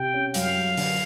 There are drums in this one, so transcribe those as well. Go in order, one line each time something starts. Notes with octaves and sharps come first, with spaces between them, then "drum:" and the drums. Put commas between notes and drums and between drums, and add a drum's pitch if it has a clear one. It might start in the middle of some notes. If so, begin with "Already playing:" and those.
Already playing: C3 G5
C#4
F#2 F5, drum: hi-hat
F#2
D3, drum: open hi-hat